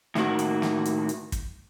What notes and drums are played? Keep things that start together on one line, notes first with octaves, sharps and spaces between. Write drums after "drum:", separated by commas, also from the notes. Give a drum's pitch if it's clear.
A2 D#3 A#3 F#4, drum: snare
drum: hi-hat
drum: snare
drum: hi-hat
drum: hi-hat
drum: kick, hi-hat